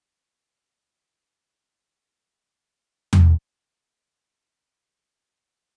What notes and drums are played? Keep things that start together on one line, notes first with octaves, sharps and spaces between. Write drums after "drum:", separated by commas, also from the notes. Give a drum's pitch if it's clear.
C#6
E6
C6
G#5
B3
F5
G4
A5
G6
B4
A4
drum: tom E2
F1 D2